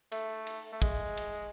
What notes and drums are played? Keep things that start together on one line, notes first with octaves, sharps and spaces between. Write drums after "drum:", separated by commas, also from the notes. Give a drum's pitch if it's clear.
A3, drum: cymbal
drum: cymbal
A3
G#3, drum: kick
drum: cymbal